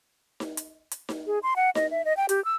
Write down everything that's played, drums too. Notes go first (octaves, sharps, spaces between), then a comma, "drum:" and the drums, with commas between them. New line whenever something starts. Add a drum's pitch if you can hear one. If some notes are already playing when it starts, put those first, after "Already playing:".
drum: snare D#4
drum: hi-hat
drum: hi-hat
drum: snare D#4
G#4
C6
F#5
D#5, drum: snare D#4
E5
D#5
G5
G4, drum: hi-hat
E6